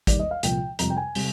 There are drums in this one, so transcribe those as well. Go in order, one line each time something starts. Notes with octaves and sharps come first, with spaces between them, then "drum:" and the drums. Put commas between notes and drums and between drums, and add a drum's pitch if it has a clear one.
D#2 D#3 G3 D5, drum: kick, hi-hat
D#5
F5
C2 A#2 F3 G5, drum: hi-hat
F2 C3 G3 A#5, drum: hi-hat
G5
G#5
C3 G3, drum: open hi-hat